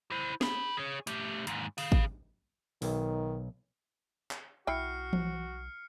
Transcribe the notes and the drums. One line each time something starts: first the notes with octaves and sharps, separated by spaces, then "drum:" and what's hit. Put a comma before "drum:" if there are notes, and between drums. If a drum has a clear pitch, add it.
E4 C5
G#4 B5, drum: snare
G#4 C#5
A3 G4, drum: hi-hat
D#2 G#2, drum: hi-hat
G#4 F5, drum: open hi-hat
drum: kick G#1
B1 D#3, drum: open hi-hat
drum: clap
B1 E4 F#4 G5 F6 C7 C#7
drum: tom E3